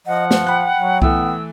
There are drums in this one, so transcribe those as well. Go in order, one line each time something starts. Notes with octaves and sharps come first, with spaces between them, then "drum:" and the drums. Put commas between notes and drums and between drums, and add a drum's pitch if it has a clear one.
F3 D#5 F#5
A3, drum: snare
G5 B5 F#6
F#3
E3 A3 B3 E6, drum: kick C2